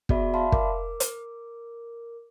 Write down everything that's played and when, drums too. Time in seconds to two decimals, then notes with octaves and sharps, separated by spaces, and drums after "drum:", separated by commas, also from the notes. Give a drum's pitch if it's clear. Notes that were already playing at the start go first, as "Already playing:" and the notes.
0.09 B3 F#4 G#4 D5 E5 B5, drum: kick
0.34 D5 E5 F5 A5 B5 C6
0.52 A#4 D6, drum: kick
1.00 drum: hi-hat